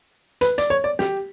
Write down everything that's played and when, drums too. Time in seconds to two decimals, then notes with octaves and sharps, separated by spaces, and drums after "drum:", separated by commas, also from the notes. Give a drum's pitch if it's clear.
0.41 B4, drum: hi-hat
0.58 D5, drum: hi-hat
0.70 C#5
0.84 D5
0.99 G4, drum: snare